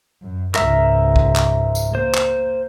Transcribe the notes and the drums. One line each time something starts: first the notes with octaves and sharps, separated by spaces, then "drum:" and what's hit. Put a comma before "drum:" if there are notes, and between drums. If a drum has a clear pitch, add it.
F#2
C#2 G#2 A#4 E5 E6, drum: clap
drum: kick
drum: clap
drum: tambourine
A#3 C5
drum: clap